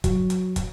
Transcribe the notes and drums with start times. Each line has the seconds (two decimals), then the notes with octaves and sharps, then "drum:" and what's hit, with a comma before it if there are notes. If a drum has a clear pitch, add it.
0.04 F#3, drum: kick, hi-hat
0.30 drum: hi-hat
0.56 drum: kick, hi-hat